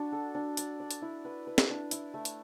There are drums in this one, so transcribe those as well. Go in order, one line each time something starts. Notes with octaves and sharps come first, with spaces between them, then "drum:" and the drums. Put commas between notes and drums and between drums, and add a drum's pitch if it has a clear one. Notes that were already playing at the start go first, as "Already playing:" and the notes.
Already playing: D4 F#4
A4
D4
D5, drum: hi-hat
D5
drum: hi-hat
E4
B4
B4
drum: snare
D4
E4, drum: hi-hat
A3
drum: hi-hat